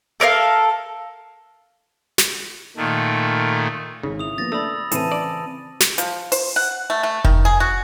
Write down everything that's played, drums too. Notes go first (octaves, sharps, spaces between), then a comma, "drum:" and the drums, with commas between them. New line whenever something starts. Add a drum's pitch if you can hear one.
A4 A#4 D5 F5
drum: snare
A#2 D#3 A3
G#1 C#3
E4 D#6 F7
F3 A#3 B3 A6 A#6
A3 D4 B5 D#6 E6
A2 C#3 E3 C4 A5 D#7, drum: hi-hat
D5
drum: snare
F3, drum: hi-hat
C5, drum: open hi-hat
F#5
A3
A3
D#3, drum: kick F1
G#4
F#4